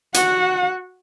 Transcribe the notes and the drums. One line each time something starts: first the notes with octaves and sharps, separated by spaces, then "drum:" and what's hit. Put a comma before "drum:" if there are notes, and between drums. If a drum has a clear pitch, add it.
F#4 F#5, drum: hi-hat